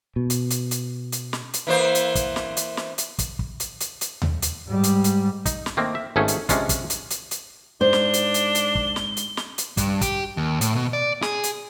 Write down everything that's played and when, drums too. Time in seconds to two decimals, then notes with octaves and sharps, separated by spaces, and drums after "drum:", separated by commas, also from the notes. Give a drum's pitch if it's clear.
0.16 B2
0.30 drum: hi-hat
0.50 drum: hi-hat
0.71 drum: hi-hat
1.12 drum: hi-hat
1.33 drum: snare
1.53 drum: hi-hat
1.67 E3 A#3 C5
1.95 drum: hi-hat
2.15 drum: kick, hi-hat
2.36 drum: snare
2.57 drum: hi-hat
2.77 drum: snare
2.98 drum: hi-hat
3.18 drum: kick, hi-hat
3.39 drum: kick
3.60 drum: hi-hat
3.80 drum: hi-hat
4.01 drum: hi-hat
4.22 drum: tom D#2
4.42 drum: hi-hat
4.68 G#2 G3
4.83 drum: hi-hat
5.04 drum: hi-hat
5.46 D#4, drum: kick, hi-hat
5.66 drum: snare
5.77 D#3 A3 A#3 C4
5.95 E5
6.16 G#1 G#2 A3 C#4 G#4 A4
6.28 drum: hi-hat
6.49 C3 G#3 C#4 D4 F4, drum: kick, hi-hat
6.69 drum: kick, hi-hat
6.90 drum: hi-hat
7.10 drum: hi-hat
7.31 drum: hi-hat
7.81 G#2 D4 C5 G7
7.93 drum: snare
8.13 drum: hi-hat
8.34 drum: hi-hat
8.55 drum: hi-hat
8.75 drum: kick
8.96 drum: snare
9.17 drum: hi-hat
9.37 drum: snare
9.58 drum: hi-hat
9.77 G2, drum: kick, hi-hat
10.01 G4, drum: kick, hi-hat
10.37 D#2
10.61 A2, drum: hi-hat
10.75 B2
10.93 D5
11.22 G#4, drum: snare
11.43 drum: hi-hat